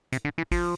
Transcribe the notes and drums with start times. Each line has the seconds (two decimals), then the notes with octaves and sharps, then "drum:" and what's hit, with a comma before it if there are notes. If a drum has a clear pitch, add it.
0.12 C3, drum: hi-hat
0.25 D3
0.38 E3
0.52 F3, drum: kick G#1, open hi-hat